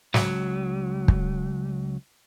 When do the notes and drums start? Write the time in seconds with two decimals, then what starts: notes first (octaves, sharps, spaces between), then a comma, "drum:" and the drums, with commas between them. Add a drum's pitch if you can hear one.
0.14 C#2 F#3, drum: snare
1.08 drum: kick